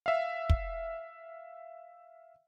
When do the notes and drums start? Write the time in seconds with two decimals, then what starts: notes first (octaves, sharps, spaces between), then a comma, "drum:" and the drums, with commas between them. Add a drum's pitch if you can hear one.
0.06 E5 F5
0.50 drum: kick